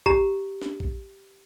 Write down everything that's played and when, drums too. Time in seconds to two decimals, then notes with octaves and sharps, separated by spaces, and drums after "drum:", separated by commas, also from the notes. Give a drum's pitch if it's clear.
0.06 G4 A#5, drum: kick
0.62 drum: snare
0.80 drum: kick